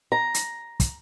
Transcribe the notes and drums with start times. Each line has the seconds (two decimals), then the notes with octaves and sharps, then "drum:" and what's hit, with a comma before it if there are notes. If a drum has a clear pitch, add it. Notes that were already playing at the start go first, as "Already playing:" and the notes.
0.12 A#5
0.34 drum: hi-hat
0.80 drum: kick, hi-hat